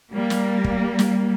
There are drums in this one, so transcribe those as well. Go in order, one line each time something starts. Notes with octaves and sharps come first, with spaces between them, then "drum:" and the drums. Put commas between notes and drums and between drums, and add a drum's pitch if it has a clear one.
G3 A#3
drum: snare
drum: kick
drum: snare